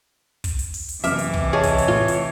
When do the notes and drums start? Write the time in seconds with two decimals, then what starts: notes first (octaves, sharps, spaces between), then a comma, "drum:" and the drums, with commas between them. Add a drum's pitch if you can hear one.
0.44 drum: kick, hi-hat
0.59 drum: hi-hat
0.74 drum: open hi-hat
0.89 drum: hi-hat
1.04 F#1 C3 E3 E5 D6 F6, drum: hi-hat
1.19 drum: hi-hat
1.34 drum: kick
1.53 G#4 C#5 D#5 A5
1.63 drum: kick, hi-hat
1.78 drum: hi-hat
1.88 A2 F4
2.08 drum: hi-hat